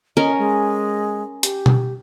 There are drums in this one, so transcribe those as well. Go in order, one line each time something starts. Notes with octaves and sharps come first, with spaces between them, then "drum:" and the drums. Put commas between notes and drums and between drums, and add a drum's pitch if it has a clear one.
C#4 A#4 D#5
G#3
G4, drum: hi-hat
drum: tom B2